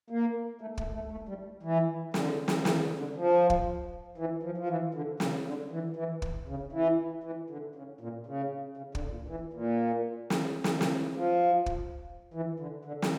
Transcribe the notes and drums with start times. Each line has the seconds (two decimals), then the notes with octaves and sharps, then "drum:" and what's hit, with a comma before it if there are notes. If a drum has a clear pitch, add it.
0.10 A#3
0.61 A3
0.78 A3, drum: kick
0.94 A3
1.11 A3
1.29 G3
1.63 E3
2.14 D3, drum: snare
2.48 drum: snare
2.65 E3, drum: snare
2.82 D3
2.99 D3
3.16 F3
3.50 drum: kick
4.18 E3
4.43 F3
4.57 F3
4.69 E3
4.94 D3
5.20 C#3, drum: snare
5.46 D3
5.71 E3
5.96 E3
6.22 drum: kick
6.47 C#3
6.72 E3
7.24 E3
7.50 D3
7.75 C#3
8.01 A#2
8.26 C#3
8.77 C#3
8.95 D3, drum: kick
9.11 A#2
9.28 E3
9.53 A#2
10.30 drum: snare
10.64 drum: snare
10.81 C#3, drum: snare
10.98 E3
11.16 F3
11.66 drum: kick
12.34 E3
12.60 D3
12.85 D3
13.02 drum: snare